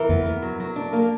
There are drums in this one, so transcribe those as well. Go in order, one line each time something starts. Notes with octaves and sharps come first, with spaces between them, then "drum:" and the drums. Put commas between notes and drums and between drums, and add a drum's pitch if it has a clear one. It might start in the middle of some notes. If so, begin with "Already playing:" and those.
Already playing: E3 A#4
B3, drum: tom F2
B3
F#3
F#3
D4
A#3